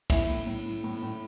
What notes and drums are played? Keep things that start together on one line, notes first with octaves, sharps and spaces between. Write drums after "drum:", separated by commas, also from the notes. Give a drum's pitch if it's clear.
A2 E4, drum: kick, cymbal
A2
A2
A2
A2
A2